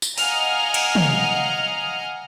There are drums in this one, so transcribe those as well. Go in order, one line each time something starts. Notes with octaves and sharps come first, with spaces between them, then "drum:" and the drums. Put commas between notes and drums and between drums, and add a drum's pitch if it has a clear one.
drum: tambourine
D#5 F5 F#5 G#5 A#5 F6, drum: open hi-hat
drum: cymbal
drum: tom